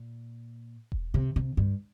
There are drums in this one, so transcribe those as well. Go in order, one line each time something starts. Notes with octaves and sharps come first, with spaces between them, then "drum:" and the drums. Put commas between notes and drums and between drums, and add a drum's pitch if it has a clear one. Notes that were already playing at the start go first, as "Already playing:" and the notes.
Already playing: A#2
drum: kick E1
C3
C3
G2